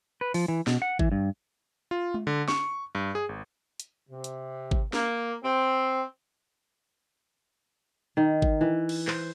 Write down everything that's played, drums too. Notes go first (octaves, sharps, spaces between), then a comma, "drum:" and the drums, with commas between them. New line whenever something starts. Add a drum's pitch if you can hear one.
B4
F3, drum: open hi-hat
E3
B2, drum: snare
F#5
E3, drum: kick G#1
G2
F4
drum: tom G#3
D3
C#6, drum: snare
G2
G#4
G#1
drum: hi-hat
C3
drum: hi-hat
drum: kick G#1
A#3, drum: snare
C4
D#3
drum: kick G#1
E3
drum: cymbal
C5, drum: clap